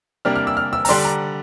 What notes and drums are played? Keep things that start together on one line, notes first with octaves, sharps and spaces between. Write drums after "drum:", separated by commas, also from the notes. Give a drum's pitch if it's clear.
C3 G3 A#3 D4 F6
F6
E6
F6
E6
A#5, drum: open hi-hat
D3 G3 D4 C6
A#5